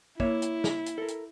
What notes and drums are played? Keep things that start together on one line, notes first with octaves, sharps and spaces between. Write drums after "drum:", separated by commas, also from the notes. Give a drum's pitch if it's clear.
A#3 E4 C#5 E5, drum: kick
drum: hi-hat
drum: snare
drum: hi-hat
A4 A#4
drum: hi-hat